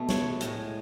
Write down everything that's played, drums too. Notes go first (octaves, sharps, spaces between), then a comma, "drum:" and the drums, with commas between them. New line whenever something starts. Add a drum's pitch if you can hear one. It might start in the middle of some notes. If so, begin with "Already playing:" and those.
Already playing: B2 A3
C#5, drum: snare
A2 G#3, drum: hi-hat